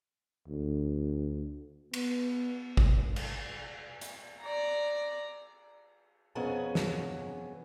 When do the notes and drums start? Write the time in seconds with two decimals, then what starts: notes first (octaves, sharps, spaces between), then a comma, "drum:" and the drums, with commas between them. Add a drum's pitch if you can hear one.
0.48 D2
1.94 B3, drum: cymbal
2.77 drum: kick G#1
3.16 drum: cymbal
4.01 drum: hi-hat
4.41 D5 A#5
6.35 F2 B3 C#4 G#4 A#4 A5
6.75 drum: snare